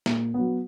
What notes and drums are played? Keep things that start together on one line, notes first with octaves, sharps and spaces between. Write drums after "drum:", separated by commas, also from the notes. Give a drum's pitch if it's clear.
A#2, drum: snare
F#3 B3